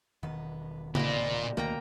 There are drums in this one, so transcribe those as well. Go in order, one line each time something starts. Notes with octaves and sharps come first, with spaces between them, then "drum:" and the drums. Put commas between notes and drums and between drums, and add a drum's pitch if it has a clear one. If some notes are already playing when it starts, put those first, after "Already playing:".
E1 D#3 B3
A#2 A#3 D4 C5 D#5 B5, drum: tom
D2 B2 D#3 A3 A#3 G5 A#5